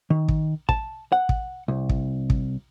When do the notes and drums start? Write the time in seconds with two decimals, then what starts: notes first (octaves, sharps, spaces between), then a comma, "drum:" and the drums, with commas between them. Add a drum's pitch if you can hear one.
0.10 D#3
0.28 drum: kick
0.69 A5, drum: kick
1.12 F#5
1.29 drum: kick
1.68 C2
1.89 drum: kick
2.30 drum: kick